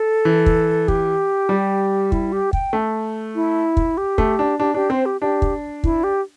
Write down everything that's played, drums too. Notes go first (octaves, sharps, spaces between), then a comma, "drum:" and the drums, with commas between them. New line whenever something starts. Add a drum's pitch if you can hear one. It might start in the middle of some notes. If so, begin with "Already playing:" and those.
Already playing: A4
E3
drum: kick
G4, drum: kick
G3
E4, drum: kick
G4
G5, drum: kick
A3
E4
drum: kick
G4
A3, drum: kick
D4
D4 G4
D4 G4
C4 C5
G4
D4 G4
drum: kick
E4, drum: kick
G4